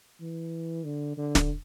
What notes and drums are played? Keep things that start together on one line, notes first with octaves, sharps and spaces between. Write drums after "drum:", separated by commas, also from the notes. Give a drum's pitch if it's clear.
E3
D3
D3
drum: snare